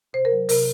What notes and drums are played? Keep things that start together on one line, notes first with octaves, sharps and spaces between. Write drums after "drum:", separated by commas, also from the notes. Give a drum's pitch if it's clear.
C3 C5
A#4
F#3
C3 A#4, drum: open hi-hat